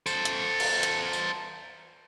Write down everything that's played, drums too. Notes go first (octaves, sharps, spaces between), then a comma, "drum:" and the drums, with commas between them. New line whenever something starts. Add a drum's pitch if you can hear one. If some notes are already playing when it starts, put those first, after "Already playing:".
A4 C5, drum: tambourine
drum: hi-hat
drum: cymbal
drum: hi-hat
drum: tambourine